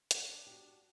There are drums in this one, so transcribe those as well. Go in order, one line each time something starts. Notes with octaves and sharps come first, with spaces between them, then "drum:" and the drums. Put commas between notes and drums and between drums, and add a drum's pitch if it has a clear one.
drum: hi-hat
D4
F#4 G4